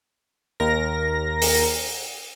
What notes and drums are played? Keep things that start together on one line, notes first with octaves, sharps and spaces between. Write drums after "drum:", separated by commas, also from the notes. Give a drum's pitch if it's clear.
D#2 A#4 A#6
drum: open hi-hat